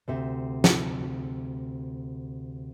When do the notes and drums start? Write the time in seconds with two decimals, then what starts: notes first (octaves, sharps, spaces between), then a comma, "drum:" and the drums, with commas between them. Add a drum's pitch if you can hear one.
0.08 D2 C3 E5
0.64 drum: snare